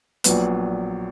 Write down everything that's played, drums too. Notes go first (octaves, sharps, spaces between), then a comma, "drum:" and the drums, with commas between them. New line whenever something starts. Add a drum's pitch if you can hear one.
A#1 A#2 F#3 B3, drum: hi-hat